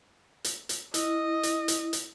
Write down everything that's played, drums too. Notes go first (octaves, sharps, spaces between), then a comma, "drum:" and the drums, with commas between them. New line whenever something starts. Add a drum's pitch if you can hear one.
drum: hi-hat
drum: hi-hat
E4 D#5, drum: hi-hat
drum: hi-hat
drum: hi-hat
drum: hi-hat